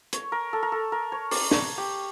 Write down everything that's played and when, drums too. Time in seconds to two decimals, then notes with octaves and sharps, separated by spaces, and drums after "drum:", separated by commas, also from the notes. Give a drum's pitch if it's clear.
0.13 C#5, drum: hi-hat
0.32 A#4
0.53 A4
0.63 A#4
0.72 A4
0.92 A#4
1.12 C#5
1.31 D5, drum: open hi-hat
1.51 C#5, drum: snare
1.78 G4